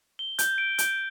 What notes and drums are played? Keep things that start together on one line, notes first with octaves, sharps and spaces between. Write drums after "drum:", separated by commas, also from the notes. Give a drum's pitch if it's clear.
G7
G6, drum: hi-hat
D7
G6, drum: hi-hat